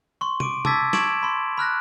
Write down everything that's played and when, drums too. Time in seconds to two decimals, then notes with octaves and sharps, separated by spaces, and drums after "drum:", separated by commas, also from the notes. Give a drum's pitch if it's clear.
0.21 C6 C#6
0.40 D6 D7 D#7, drum: tom C3
0.65 A5 D6 E6 G#6 A6 B6, drum: tom C3
0.93 C#6 G#6 D7 E7 F#7, drum: snare
1.23 B5 C6
1.58 B5 F6 F#6 A#6